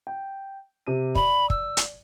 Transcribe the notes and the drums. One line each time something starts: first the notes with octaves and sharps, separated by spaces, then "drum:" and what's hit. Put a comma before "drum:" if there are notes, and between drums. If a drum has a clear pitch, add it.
G5
C3 G4 D#7
D5 B5, drum: kick
E6, drum: kick
drum: hi-hat